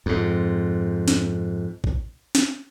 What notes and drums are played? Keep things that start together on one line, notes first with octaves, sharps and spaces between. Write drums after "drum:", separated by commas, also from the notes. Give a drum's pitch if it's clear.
F2 G#2
drum: snare
drum: kick
drum: snare